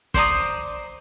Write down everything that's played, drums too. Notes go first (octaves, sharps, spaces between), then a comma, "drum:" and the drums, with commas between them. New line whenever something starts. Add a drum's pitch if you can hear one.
C5 D5 A#5 D#6, drum: kick